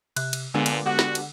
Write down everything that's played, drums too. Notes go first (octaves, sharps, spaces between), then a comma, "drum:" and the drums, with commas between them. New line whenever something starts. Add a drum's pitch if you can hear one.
C3 F#6, drum: cymbal
drum: cymbal
A#2 D3 G#3 B3 D4 G#5 E6
drum: cymbal
D3 F#4 G4 F#5 F#6
drum: snare
drum: cymbal